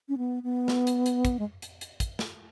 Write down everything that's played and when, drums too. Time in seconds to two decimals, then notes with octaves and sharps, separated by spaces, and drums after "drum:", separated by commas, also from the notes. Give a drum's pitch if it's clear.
0.09 C#4
0.18 B3
0.43 B3
0.68 drum: snare
0.87 drum: hi-hat
1.06 drum: hi-hat
1.25 drum: kick, hi-hat
1.39 G#3
1.62 drum: hi-hat
1.81 drum: hi-hat
2.00 drum: kick, hi-hat
2.19 drum: snare